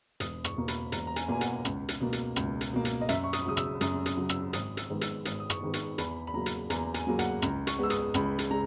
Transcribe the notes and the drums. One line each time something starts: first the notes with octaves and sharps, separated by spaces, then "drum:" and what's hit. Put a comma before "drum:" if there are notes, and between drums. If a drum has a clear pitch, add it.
E1 D#6, drum: hi-hat
C#6, drum: rim click
E2 B2 A#3
B5, drum: hi-hat
E1 A#5, drum: hi-hat
A#5
G#5, drum: hi-hat
E2 B2 A#3 G#5
F#5, drum: hi-hat
C#2, drum: rim click
drum: hi-hat
B2 A#3
drum: hi-hat
C#2, drum: rim click
drum: hi-hat
B2 A#3
drum: hi-hat
D#5
F#2 E5, drum: hi-hat
C#6
D#6, drum: hi-hat
C#3 F#3 D#6
E6, drum: rim click
F#2 D#6, drum: hi-hat
D#6, drum: hi-hat
C#3 F#3
E6, drum: rim click
G#1 D#6, drum: hi-hat
E6, drum: hi-hat
G#2 D#3 G#3 B3
E6, drum: hi-hat
G#1 D#6, drum: hi-hat
D#6
C#6, drum: rim click
G#2 D#3 G#3 B3
C#6, drum: hi-hat
E2 B5, drum: hi-hat
B5
C#3 F#3 A#3 A#5
drum: hi-hat
E2 A#5, drum: hi-hat
G#5, drum: hi-hat
C#3 F#3 A#3
F#5, drum: hi-hat
C#2 A#5, drum: rim click
C#6, drum: hi-hat
C#3 G#3 B3 E6
D#6, drum: hi-hat
C#2 B5, drum: rim click
drum: hi-hat
C#3 G#3 A#5